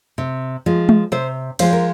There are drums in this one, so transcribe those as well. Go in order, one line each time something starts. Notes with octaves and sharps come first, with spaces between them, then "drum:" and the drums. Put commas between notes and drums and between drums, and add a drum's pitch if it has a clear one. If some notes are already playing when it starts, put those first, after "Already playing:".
C3
F3 G#3
drum: tom G#3
C3 C5
F3 G#3 C5, drum: cymbal
A#4